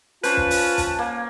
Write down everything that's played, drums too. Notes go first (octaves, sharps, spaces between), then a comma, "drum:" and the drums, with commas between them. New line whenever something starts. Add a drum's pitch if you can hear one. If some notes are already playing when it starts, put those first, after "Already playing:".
C#4 F4 B4 C5 A5, drum: hi-hat
drum: kick
drum: open hi-hat
drum: kick, hi-hat
A#3